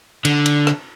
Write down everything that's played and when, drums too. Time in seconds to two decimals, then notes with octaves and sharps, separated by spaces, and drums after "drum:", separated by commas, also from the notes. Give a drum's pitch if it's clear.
0.25 D3, drum: cymbal
0.46 drum: cymbal
0.67 drum: rim click